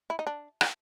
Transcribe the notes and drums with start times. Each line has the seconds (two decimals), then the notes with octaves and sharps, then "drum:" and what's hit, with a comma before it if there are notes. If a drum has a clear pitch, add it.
0.10 E4
0.19 D#4
0.27 D4
0.61 drum: rim click